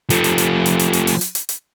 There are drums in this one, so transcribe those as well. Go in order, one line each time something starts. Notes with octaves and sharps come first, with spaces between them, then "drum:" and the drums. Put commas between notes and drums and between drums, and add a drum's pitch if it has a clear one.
F3 A3, drum: hi-hat
drum: hi-hat
drum: hi-hat
drum: hi-hat
drum: hi-hat
drum: hi-hat
drum: open hi-hat
drum: hi-hat
drum: hi-hat
drum: hi-hat